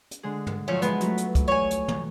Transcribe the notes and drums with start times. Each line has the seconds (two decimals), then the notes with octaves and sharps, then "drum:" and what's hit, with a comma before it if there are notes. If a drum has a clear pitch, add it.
0.11 drum: hi-hat
0.23 D3 G#3 G#4
0.47 drum: tom
0.68 F3 F#3 A3 C#4
0.82 G#3 B3 E4 B4, drum: hi-hat
1.01 F#3 A3, drum: hi-hat
1.17 drum: hi-hat
1.35 drum: kick, hi-hat
1.48 C#5 G#5
1.71 drum: hi-hat
1.88 drum: tom